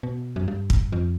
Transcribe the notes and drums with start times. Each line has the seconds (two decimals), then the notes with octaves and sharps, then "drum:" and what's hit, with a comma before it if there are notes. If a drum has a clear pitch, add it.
0.03 B2
0.36 F#2
0.48 G2
0.70 drum: kick
0.92 F2